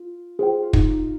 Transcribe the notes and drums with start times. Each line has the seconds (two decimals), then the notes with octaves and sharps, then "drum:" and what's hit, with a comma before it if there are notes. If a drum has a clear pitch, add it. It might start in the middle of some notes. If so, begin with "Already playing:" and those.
Already playing: F4
0.39 F4 G#4 C5 G5
0.63 F4
0.73 D#4, drum: kick